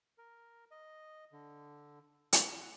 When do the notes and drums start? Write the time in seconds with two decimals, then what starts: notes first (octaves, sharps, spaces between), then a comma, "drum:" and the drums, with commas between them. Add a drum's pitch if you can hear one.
0.18 A#4
0.71 D#5
1.32 D3
2.33 A#2, drum: hi-hat
2.61 F#5